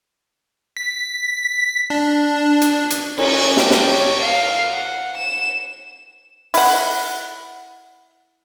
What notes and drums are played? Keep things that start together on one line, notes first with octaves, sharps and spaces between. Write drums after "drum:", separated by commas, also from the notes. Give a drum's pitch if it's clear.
B6
D4
drum: hi-hat
drum: hi-hat
C#4, drum: cymbal
G4, drum: snare
drum: snare
C#5
F5
F#5
E7
E4 F#5, drum: open hi-hat